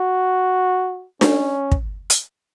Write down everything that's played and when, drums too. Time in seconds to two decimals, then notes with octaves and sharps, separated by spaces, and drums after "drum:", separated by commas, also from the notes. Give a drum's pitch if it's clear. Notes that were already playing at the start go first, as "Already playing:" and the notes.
Already playing: F#4
1.21 C#4, drum: snare D4
1.72 drum: kick
2.10 drum: hi-hat